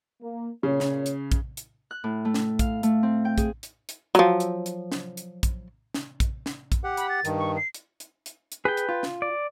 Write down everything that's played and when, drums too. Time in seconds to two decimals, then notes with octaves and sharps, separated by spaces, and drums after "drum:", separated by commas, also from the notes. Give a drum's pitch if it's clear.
0.22 A#3
0.63 A#2 C#3 C#5
0.80 drum: snare
1.06 drum: hi-hat
1.32 drum: kick, hi-hat
1.57 drum: hi-hat
1.91 F#6
2.04 A2
2.25 A3
2.34 drum: snare
2.59 F5, drum: kick, hi-hat
2.83 A3, drum: hi-hat
3.03 C4
3.25 G5
3.38 G#4, drum: kick, hi-hat
3.63 drum: hi-hat
3.89 drum: hi-hat
4.15 F3 F#3, drum: hi-hat
4.40 drum: hi-hat
4.66 drum: hi-hat
4.92 drum: snare
5.17 drum: hi-hat
5.43 drum: kick, hi-hat
5.94 drum: snare
6.20 drum: kick, hi-hat
6.46 drum: snare
6.72 drum: kick, hi-hat
6.84 G4 F#5
6.97 B5, drum: hi-hat
7.09 A6
7.25 G2 D#3, drum: hi-hat
7.38 C#6
7.57 C7
7.74 drum: hi-hat
8.00 drum: hi-hat
8.26 drum: hi-hat
8.52 drum: hi-hat
8.65 G#4 B4 G5
8.77 drum: hi-hat
8.89 F4
9.03 drum: snare
9.22 D5